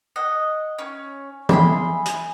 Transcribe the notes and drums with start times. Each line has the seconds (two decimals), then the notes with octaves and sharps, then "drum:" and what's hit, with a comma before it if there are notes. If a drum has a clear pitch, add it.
0.16 D#5 F#5
0.79 C#4 C#5
1.49 E4 G#4 B5 C6, drum: tom
2.06 drum: hi-hat